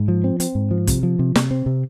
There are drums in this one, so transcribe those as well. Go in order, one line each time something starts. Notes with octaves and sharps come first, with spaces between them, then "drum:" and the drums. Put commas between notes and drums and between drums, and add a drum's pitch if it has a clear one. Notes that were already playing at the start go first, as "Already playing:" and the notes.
Already playing: G#2
F3
C4
C4, drum: hi-hat
G#2
F3
C3, drum: kick, hi-hat
F3
C3
C3, drum: snare
C4
C3